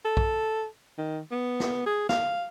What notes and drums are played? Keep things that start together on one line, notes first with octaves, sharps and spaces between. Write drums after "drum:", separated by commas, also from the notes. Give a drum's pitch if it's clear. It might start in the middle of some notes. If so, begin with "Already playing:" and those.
A4
drum: kick A#1
D#3
B3
drum: snare
G#4
F5, drum: snare